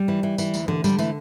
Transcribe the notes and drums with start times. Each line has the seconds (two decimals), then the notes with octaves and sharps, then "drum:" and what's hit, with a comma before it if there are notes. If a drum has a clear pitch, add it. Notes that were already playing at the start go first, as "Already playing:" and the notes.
Already playing: G3
0.08 E3
0.23 E3
0.38 E3, drum: tambourine
0.54 D2, drum: tambourine
0.68 D3, drum: tom E3
0.84 D3 G3, drum: tambourine
0.99 E3 A3, drum: tambourine